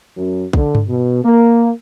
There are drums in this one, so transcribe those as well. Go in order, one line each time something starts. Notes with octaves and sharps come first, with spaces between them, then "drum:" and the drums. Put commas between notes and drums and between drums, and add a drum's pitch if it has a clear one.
F#2
D3, drum: kick
drum: tom G2
B2
A#3